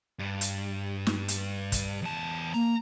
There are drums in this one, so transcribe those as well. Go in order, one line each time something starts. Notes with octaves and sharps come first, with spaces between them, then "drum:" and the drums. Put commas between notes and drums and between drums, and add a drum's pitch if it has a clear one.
G2
drum: hi-hat
drum: snare
drum: hi-hat
drum: kick, hi-hat
E2 A5
A#3 A#5